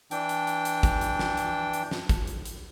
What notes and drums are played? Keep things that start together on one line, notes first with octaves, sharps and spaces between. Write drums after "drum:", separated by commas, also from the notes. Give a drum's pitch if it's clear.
E3 D4 G5, drum: hi-hat
drum: hi-hat
drum: hi-hat
drum: hi-hat
drum: kick, hi-hat
drum: hi-hat
drum: snare
drum: hi-hat
drum: hi-hat
drum: snare
drum: kick, hi-hat
drum: hi-hat
drum: hi-hat